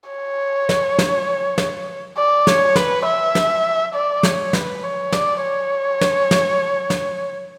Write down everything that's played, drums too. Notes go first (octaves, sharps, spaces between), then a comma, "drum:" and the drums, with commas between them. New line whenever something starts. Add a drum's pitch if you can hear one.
C#5
drum: snare
drum: snare
drum: snare
D5
C#5, drum: snare
B4, drum: snare
E5
drum: snare
D5
C#5, drum: snare
B4, drum: snare
C#5
D5, drum: snare
C#5
drum: snare
drum: snare
drum: snare